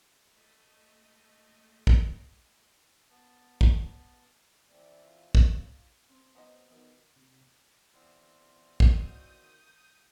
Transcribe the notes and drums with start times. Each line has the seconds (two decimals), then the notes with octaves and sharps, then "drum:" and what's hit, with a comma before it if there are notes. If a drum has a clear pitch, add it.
0.34 A3 D#5
1.87 drum: kick
3.10 B3 A5
3.61 drum: kick
4.70 E3 A3 C4 D5
5.06 F4
5.35 drum: kick
6.09 C4
6.35 F#3 B3 C5 D#5 D#6
6.70 B2 D#3 B3
7.16 C3
7.92 E2 C4 D5
8.80 D#3 F#4 D#6 G6, drum: kick